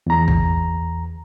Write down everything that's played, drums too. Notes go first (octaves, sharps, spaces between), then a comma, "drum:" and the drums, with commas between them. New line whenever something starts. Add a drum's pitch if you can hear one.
E2 A#5
drum: kick